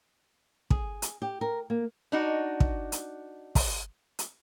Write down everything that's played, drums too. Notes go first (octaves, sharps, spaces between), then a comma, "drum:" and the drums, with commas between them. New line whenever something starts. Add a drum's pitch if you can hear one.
G#4, drum: kick
drum: hi-hat
G4
A#4
A#3
D4 D#4 F#4
drum: kick
drum: hi-hat
drum: kick, open hi-hat
drum: hi-hat